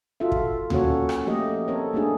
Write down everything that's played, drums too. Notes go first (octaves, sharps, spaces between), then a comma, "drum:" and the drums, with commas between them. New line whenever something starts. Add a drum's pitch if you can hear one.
F4 F#4 A4 E5
drum: kick
A#3 C#4 F#4 A4 C#5, drum: tom D2
drum: rim click
F3 A3 A#3 G4 D#5
C4 A4 A#4 C#5
A3 A#3 D4 D#4 G#4